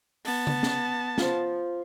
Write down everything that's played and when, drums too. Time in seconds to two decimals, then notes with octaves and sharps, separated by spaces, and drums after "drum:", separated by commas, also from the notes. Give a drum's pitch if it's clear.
0.25 B3 A5, drum: open hi-hat
0.47 drum: tom C#3
0.63 drum: snare
1.18 F4 C5, drum: snare